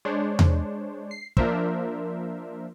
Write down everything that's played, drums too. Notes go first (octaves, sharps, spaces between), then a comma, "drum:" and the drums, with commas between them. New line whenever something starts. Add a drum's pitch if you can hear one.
G#3 D4 C5 C#5
drum: tom E2
C7
F3 A#3 D4 A#4 C5 E5, drum: kick